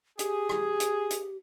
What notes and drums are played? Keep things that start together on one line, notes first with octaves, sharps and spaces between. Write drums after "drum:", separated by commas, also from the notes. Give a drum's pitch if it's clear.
G4 G#4, drum: hi-hat
drum: rim click
drum: hi-hat
drum: hi-hat